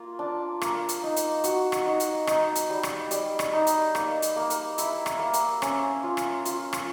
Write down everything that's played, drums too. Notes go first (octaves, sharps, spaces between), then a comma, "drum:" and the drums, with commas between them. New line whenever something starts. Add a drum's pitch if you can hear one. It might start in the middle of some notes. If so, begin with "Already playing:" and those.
Already playing: A#3 F4
D4
A#3, drum: rim click
drum: hi-hat
D#4
drum: hi-hat
F#4, drum: hi-hat
drum: rim click
D#4
drum: hi-hat
D#4, drum: rim click
drum: hi-hat
G3
drum: rim click
G3, drum: hi-hat
drum: rim click
D#4
drum: hi-hat
A#3, drum: rim click
drum: hi-hat
A#3
drum: hi-hat
E4, drum: hi-hat
drum: rim click
A#3
drum: hi-hat
C#4, drum: rim click
F4
drum: rim click
F4, drum: hi-hat
drum: rim click